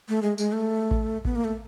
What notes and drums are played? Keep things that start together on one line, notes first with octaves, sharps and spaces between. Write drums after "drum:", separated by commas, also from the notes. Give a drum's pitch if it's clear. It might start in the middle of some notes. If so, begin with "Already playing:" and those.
A3
G#3
G#3, drum: tambourine
A3
drum: kick A1
B3, drum: kick A1
A#3
A3